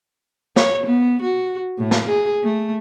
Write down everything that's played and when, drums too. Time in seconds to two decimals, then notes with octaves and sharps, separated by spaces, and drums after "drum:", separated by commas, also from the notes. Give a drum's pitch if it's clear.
0.56 C#5, drum: snare
0.86 B3
1.22 F#4
1.78 A2
1.91 drum: snare
2.08 G#4
2.44 A3